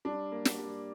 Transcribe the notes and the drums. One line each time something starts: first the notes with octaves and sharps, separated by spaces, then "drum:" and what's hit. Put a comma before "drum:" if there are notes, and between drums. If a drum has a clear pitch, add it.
G3 D4
A#3
drum: snare
G3